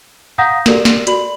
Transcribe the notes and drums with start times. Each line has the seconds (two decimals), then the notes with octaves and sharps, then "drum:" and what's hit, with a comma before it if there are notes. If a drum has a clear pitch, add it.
0.38 F5 F#5 A#5 D#6 G6 A#6
0.66 F#4 G4 A4 A#4 D5, drum: snare
0.85 drum: snare
1.07 F#4 D5 B5 F#7, drum: hi-hat